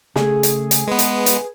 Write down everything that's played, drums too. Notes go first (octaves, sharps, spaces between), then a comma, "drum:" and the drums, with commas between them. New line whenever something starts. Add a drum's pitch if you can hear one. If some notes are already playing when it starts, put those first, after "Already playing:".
C#3 A3 G#4, drum: snare
drum: hi-hat
drum: hi-hat
G#3 B3 B4
drum: hi-hat
drum: hi-hat